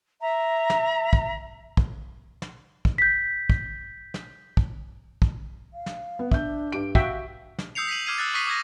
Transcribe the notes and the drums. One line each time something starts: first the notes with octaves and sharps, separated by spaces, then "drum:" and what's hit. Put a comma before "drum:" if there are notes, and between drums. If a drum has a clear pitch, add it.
E5 A#5
drum: snare
drum: kick
drum: kick
drum: snare
drum: kick
G6 B6
drum: kick
drum: snare
drum: kick
drum: kick
F5
drum: snare
B3
D4 E5 G6, drum: kick
G2 G4 D7
F#4 E5 F5 G5 B6, drum: kick
drum: snare
D#6 E6 G6 C7 C#7 F7
B6 C7 D#7 F#7
D6 F6 G#6 C7 D#7
E6 F#6 A6
C#6 D#6 F#6 B6 C7 D#7
D6 D#6 G#6 A#6